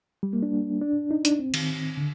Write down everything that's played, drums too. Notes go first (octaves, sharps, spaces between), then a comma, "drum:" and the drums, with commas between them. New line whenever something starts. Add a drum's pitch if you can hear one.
G3
A#3
D4
D4
D#4
D4, drum: hi-hat
C4
D#3, drum: cymbal
D3